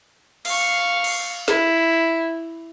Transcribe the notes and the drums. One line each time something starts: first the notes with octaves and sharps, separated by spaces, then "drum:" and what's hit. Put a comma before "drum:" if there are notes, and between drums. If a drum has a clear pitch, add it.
F5 C#6, drum: cymbal
drum: cymbal
E4, drum: snare